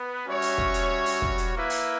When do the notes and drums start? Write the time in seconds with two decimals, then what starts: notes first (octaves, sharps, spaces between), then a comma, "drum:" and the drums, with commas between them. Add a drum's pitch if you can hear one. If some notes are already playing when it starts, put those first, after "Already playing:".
Already playing: B3 B4
0.26 G3 C#4 F#4 C#5 E5
0.42 drum: open hi-hat
0.58 drum: kick
0.74 drum: hi-hat
1.06 drum: open hi-hat
1.22 drum: kick
1.38 drum: hi-hat
1.54 A#3 E4 B4
1.70 drum: open hi-hat